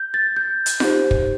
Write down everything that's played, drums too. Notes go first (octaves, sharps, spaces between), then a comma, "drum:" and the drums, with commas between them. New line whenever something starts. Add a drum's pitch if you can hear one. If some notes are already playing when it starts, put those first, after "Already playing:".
Already playing: G6
A6
G6
drum: hi-hat
D#4 G4 C5, drum: snare F4
drum: kick